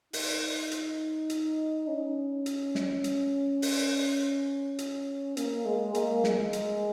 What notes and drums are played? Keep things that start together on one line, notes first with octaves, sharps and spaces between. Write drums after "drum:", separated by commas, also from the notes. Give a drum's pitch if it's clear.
D#4, drum: open hi-hat
drum: hi-hat
drum: hi-hat
C#4
drum: hi-hat
drum: snare
drum: hi-hat
drum: open hi-hat
drum: hi-hat
A#3, drum: hi-hat
G#3
A#3, drum: hi-hat
G#3, drum: snare
drum: hi-hat